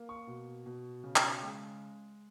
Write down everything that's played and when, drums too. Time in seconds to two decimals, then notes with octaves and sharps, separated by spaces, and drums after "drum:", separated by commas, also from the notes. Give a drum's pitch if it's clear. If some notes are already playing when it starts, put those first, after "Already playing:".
Already playing: A#3
0.09 C#6
0.27 B2
0.66 B2
1.04 C#3
1.16 drum: clap
1.43 G#3